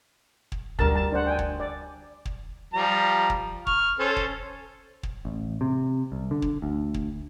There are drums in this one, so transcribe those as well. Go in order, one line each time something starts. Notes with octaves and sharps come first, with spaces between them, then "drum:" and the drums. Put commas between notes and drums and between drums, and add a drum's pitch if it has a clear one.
drum: kick
D2 D3 G3 A#4 A5
A5
D4 C5 F#5
G5 G#5
drum: kick
D5
drum: kick
F3 G3 A#5
drum: kick
C#6 F6, drum: kick
C#4 A4 C5
drum: kick
drum: kick
A1
C3
C2
D3
drum: kick
D2
drum: kick